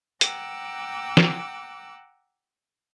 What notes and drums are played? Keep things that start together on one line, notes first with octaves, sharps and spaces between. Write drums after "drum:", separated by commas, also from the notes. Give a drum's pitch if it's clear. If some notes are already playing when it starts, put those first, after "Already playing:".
F#5 G5 A#5 D6 E6 F#6, drum: hi-hat
drum: snare